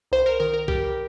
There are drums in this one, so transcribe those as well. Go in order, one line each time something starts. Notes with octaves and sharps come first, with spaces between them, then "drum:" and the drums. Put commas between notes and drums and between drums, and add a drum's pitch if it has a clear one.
C2 C5
A#4
D#3 A#4
A#4
G3 G4, drum: kick B1